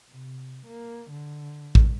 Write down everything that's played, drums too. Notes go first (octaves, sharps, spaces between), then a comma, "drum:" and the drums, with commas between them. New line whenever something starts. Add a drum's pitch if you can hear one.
C3
A#3
D3
drum: kick A1